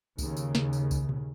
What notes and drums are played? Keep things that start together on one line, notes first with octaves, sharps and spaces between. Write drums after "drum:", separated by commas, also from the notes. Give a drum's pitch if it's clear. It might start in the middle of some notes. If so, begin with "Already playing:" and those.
D#2 C#3, drum: kick C2, tambourine
drum: tambourine
drum: snare
drum: tambourine
drum: kick C2, tambourine
drum: tom A#2